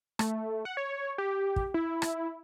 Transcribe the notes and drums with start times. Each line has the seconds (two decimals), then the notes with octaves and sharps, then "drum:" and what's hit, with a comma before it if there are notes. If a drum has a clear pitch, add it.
0.19 A3, drum: rim click
0.65 F#5
0.77 C#5
1.18 G4
1.56 drum: kick
1.74 E4
2.02 drum: rim click